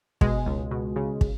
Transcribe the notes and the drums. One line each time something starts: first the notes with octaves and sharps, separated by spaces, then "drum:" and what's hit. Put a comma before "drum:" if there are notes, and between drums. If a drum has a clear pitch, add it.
B2 G#3, drum: kick
C#2
B2
C#3
drum: kick